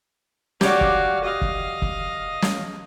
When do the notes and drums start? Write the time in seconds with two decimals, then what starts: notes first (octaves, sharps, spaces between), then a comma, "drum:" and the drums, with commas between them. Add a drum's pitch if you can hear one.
0.61 F#4 G4 C#5 D5 F5, drum: snare
0.81 drum: kick
1.24 D#5 F5
1.41 drum: kick
1.82 drum: kick
2.42 drum: snare